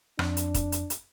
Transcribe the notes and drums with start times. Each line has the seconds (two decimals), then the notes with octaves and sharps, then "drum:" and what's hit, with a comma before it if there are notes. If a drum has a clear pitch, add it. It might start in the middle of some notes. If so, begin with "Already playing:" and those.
0.19 F2 D4, drum: rim click
0.37 drum: hi-hat
0.54 drum: kick, hi-hat
0.72 drum: hi-hat
0.90 drum: hi-hat